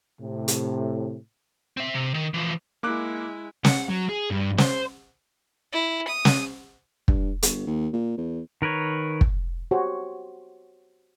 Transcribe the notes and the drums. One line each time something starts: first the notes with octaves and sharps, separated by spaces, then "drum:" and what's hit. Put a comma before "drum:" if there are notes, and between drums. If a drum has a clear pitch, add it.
A2 C3
drum: hi-hat
C4 E5
C3
D#3
E3 F3
G#3 A#3 E4 D6 F#6
F#5, drum: snare
F#3
G#4
G2
C5, drum: snare
E4
D#6
drum: snare
G2, drum: kick
G1, drum: hi-hat
D#2
A#2
E2
D#3 A#4 B4 C#5
drum: kick
F#4 G4 C5 C#5